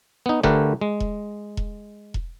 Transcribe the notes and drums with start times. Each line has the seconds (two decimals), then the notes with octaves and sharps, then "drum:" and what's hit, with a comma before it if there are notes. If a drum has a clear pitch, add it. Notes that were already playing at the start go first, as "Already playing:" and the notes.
0.26 B3 D#4
0.43 D3 A3 G4 A#4 B4, drum: kick E1
0.81 G#3
1.00 drum: kick E1
1.57 drum: kick E1
2.14 drum: kick E1